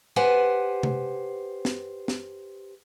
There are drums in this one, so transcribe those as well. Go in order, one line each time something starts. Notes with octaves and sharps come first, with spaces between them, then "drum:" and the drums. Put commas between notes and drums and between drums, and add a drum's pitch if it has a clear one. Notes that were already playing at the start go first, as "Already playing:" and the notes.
G4 B4 C5 F#5 G#5
drum: tom C3
drum: snare
drum: snare